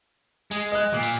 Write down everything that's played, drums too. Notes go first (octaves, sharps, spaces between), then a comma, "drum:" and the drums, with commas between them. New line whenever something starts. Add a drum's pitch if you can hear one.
G#3, drum: tambourine
D#5 F#6
A#2 A#3
drum: tambourine